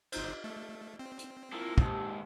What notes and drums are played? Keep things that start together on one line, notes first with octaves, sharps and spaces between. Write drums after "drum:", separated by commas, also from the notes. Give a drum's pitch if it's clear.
G1 D#4 C5, drum: cymbal
A3
C4
drum: hi-hat
A#3 E4 F4 A4
D#2 G#2 G4 A5 E6, drum: kick